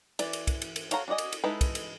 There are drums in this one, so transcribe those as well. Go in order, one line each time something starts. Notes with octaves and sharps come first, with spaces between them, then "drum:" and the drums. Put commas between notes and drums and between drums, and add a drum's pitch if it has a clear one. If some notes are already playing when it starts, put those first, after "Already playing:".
E3 D5, drum: cymbal
drum: cymbal
drum: kick, cymbal
drum: cymbal
drum: cymbal
A4 C#5 F5 F#5 A#5, drum: cymbal
D4 F#4 D5 D#5 G#5
drum: cymbal
drum: cymbal
G#3 D#4 E4 A4 B4
drum: kick, cymbal
drum: cymbal